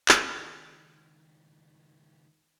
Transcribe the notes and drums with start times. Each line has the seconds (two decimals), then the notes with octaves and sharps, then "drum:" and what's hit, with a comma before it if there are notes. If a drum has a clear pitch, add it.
0.09 C#2 D#3, drum: clap